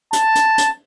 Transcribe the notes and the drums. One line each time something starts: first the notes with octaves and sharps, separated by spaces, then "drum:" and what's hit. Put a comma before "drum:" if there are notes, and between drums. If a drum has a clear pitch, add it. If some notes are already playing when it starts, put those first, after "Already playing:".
A5, drum: hi-hat
drum: hi-hat
drum: hi-hat